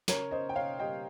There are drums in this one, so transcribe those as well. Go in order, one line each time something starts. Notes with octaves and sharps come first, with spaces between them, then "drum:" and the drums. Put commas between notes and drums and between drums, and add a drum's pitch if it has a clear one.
C#3 A#4 C#5, drum: snare
C#3 C5 D#5
G5
C#3 C#5 F5
G3 D#5 G5